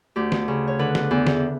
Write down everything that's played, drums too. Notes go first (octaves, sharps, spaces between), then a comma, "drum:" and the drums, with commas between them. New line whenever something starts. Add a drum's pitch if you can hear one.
D2 G4
drum: snare
C#3
C#5
D3 B4
drum: snare
E2
drum: snare